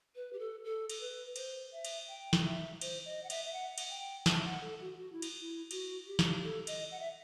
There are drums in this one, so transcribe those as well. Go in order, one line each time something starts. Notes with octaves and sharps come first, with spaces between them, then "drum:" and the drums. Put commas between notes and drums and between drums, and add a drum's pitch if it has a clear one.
B4
G4
A4
A4
A4, drum: cymbal
B4
C5, drum: cymbal
E5
drum: cymbal
G5
drum: snare
E5
C5, drum: cymbal
D#5
F#5
E5, drum: cymbal
E5
F#5
drum: cymbal
G5
A5, drum: snare
E5
F#5
A4
F#4
F#4
E4
drum: cymbal
E4
F#4, drum: cymbal
G4
drum: snare
A4
D#5, drum: cymbal
F#5
E5